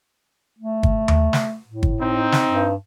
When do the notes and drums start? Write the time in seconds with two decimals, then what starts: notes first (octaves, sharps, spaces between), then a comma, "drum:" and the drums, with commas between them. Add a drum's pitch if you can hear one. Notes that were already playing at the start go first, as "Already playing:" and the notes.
0.58 A3
0.83 drum: kick
1.08 drum: tom D#2
1.33 drum: snare
1.67 A2
1.83 drum: kick
2.00 C4 D#4
2.32 drum: snare
2.49 G2